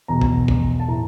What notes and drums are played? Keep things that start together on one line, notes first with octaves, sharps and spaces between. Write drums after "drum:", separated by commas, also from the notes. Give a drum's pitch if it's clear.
E2 B2 A#5
drum: kick
drum: kick
A5
A2 E3 A#5